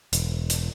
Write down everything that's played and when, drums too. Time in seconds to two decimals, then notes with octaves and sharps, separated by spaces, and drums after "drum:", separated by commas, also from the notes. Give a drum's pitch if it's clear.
0.13 E1, drum: hi-hat
0.50 drum: hi-hat